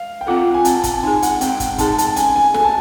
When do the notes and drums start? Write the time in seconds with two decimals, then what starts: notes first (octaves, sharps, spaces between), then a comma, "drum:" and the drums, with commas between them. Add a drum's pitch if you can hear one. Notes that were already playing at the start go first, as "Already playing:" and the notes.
Already playing: F5
0.21 G5
0.27 C4 F4 A4 F#5
0.54 G#5
0.65 C4 A5, drum: hi-hat
0.84 A5, drum: kick, hi-hat
1.03 D#4 G#4 G#5
1.23 F#5, drum: hi-hat
1.41 C4 G5, drum: hi-hat
1.60 drum: kick, hi-hat
1.78 D#4 G#4 A5, drum: kick, hi-hat
1.98 A5, drum: hi-hat
2.16 C#4 G#5, drum: hi-hat
2.36 G#5
2.54 A4 G#5, drum: snare
2.59 F#4 A5